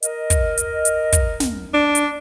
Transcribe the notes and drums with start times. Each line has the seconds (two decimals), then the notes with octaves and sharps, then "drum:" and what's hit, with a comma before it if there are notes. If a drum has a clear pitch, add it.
0.03 A#4 D#5, drum: hi-hat
0.30 drum: kick, hi-hat
0.58 drum: hi-hat
0.85 drum: hi-hat
1.13 drum: kick, hi-hat
1.40 drum: snare
1.74 D4
1.95 drum: hi-hat